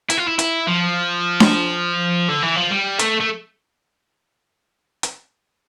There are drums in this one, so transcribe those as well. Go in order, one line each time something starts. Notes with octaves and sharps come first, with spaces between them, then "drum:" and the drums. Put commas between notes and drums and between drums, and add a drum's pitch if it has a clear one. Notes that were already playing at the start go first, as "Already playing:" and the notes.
E4, drum: hi-hat
F4
E4
E4, drum: hi-hat
F3
drum: snare D4
D3
E3
F3
G3
A3, drum: hi-hat
A3
drum: hi-hat